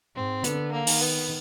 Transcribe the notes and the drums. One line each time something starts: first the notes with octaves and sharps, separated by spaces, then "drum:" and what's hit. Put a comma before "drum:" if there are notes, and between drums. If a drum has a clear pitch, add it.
G#2 C4
D3 B3, drum: hi-hat
A#3
D#3, drum: open hi-hat
B3